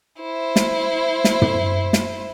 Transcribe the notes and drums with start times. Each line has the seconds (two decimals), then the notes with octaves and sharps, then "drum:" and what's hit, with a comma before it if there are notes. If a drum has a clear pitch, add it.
0.21 E4 C5
0.56 drum: snare
1.24 drum: snare
1.42 drum: tom
1.93 drum: snare